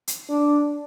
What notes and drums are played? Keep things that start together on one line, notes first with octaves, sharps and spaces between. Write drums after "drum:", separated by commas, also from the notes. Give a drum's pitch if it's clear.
drum: hi-hat
D4